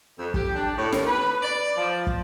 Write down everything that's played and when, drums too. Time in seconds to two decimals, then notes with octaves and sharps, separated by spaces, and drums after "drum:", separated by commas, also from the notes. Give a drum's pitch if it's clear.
0.19 F2
0.34 G4, drum: kick
0.55 D4
0.77 A2
0.92 D#2, drum: snare
1.07 B4
1.43 D5
1.77 F3
2.07 drum: kick